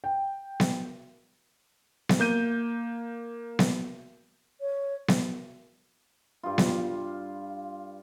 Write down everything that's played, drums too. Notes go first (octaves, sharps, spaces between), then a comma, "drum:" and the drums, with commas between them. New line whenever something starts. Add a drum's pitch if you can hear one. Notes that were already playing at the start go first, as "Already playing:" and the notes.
G5
drum: snare B3
drum: snare B3
A#3 G6 D#7
drum: snare B3
C#5
drum: snare B3
G2 F4
drum: snare B3